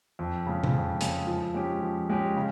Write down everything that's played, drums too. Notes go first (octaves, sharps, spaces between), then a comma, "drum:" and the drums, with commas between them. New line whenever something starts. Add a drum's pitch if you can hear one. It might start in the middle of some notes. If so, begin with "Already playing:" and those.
F2
C#3 G#3
drum: tom C3
F2
C#3 G#3, drum: hi-hat
F3
G#3 C#4 G4
F3
G#3 C#4 G4
C#3